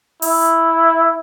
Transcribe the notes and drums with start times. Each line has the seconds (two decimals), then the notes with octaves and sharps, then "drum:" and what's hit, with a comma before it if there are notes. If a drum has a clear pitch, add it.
0.22 E4, drum: open hi-hat